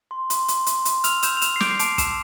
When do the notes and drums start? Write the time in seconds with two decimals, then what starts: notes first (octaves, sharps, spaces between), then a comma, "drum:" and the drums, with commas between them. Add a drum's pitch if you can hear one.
0.11 C6
0.30 C6, drum: hi-hat
0.48 C6, drum: hi-hat
0.66 C6, drum: hi-hat
0.85 C6, drum: hi-hat
1.04 E6 F6 F7, drum: hi-hat
1.23 E6 G6 E7, drum: hi-hat
1.37 F7
1.42 E6 E7, drum: hi-hat
1.56 C7
1.60 D6 G6 D7, drum: snare
1.71 C7
1.79 A5 D6 D7, drum: hi-hat
1.98 A5 E6 E7, drum: kick, hi-hat